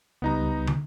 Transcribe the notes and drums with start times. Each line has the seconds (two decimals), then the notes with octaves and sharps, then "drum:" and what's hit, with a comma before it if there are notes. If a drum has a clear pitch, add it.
0.22 C#2 G3 B3 D#4 A#5
0.67 drum: tom